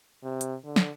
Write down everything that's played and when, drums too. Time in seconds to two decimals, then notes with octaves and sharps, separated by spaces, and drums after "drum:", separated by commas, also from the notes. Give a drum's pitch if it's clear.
0.23 C3
0.41 drum: hi-hat
0.64 D3
0.76 drum: snare